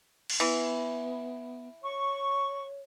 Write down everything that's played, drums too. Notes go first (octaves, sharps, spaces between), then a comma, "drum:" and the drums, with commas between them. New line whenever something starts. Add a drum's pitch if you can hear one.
drum: cymbal
E3 B3
C#5 C#6